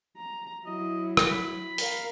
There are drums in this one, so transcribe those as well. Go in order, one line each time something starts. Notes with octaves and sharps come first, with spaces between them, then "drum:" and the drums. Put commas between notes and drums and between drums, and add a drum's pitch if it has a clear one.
A#5
F#3 E4 D#5
drum: rim click
B5
A#4 F5, drum: open hi-hat